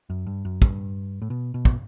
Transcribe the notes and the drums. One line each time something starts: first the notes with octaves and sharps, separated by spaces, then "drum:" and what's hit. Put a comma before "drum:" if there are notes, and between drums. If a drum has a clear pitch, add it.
F#2
G2
F#2
G2, drum: kick
A2
B2
B2
drum: kick